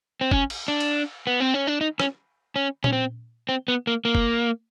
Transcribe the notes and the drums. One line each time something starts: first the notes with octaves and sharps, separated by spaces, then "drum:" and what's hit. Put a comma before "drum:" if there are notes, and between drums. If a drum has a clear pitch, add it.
C4
C#4, drum: kick
drum: cymbal
D4
drum: cymbal
B3
C4
C#4
D4
D#4
C#4, drum: rim click
C#4
C#4, drum: tom A#2
C4
C4
B3
A#3
A#3
drum: kick